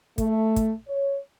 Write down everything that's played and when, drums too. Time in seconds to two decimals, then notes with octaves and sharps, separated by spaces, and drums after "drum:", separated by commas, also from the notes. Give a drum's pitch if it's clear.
0.18 A3, drum: kick, hi-hat
0.56 drum: kick, hi-hat
0.88 C#5